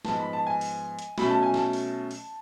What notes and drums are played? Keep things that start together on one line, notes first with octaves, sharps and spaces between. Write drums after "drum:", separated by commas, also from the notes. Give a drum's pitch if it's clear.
G#2 F3 B3 A5, drum: snare
B5
A5
G#5
drum: open hi-hat
drum: hi-hat
B2 F#3 A3 C#4 B5, drum: snare
A5
G#5
A5, drum: snare
drum: open hi-hat
drum: open hi-hat